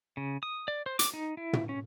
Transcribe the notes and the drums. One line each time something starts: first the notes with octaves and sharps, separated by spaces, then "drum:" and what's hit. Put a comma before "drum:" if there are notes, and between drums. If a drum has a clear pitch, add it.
C#3
D#6
D5
C5
D6, drum: hi-hat
D#4
E4
drum: tom
C#4